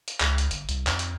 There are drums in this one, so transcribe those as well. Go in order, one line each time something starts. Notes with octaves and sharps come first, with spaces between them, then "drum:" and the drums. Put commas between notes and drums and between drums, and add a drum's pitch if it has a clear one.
drum: hi-hat
C#2, drum: clap
drum: hi-hat
G1, drum: hi-hat
C2, drum: hi-hat
F2, drum: clap
drum: hi-hat